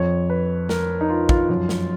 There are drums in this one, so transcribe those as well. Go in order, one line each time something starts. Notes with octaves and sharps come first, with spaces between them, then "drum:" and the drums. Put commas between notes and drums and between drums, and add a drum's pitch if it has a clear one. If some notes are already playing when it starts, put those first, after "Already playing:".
Already playing: F2 F3 C#5
B4
A#4, drum: snare
D#4
F4
F4, drum: kick
F#2 F3
drum: snare